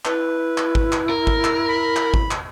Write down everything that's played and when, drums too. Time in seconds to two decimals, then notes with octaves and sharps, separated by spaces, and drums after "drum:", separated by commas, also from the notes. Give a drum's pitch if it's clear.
0.05 E4 B4, drum: clap
0.58 drum: clap
0.75 drum: kick G#1
0.92 drum: clap
1.10 A#4
1.27 drum: kick G#1
1.44 drum: clap
1.68 B5
1.96 drum: clap
2.14 drum: kick G#1
2.31 drum: clap